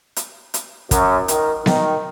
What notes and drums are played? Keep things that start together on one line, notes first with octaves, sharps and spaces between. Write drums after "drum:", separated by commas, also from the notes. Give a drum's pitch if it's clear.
drum: hi-hat
drum: hi-hat
F#2, drum: kick, hi-hat
D#3, drum: hi-hat
D#3, drum: snare B3